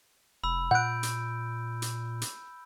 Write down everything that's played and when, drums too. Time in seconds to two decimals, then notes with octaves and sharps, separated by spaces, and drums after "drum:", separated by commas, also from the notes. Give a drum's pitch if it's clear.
0.44 F1 B5 E6
0.71 A#2 F#5 F#6 G6 D7
1.03 drum: hi-hat
1.82 drum: hi-hat
2.22 drum: hi-hat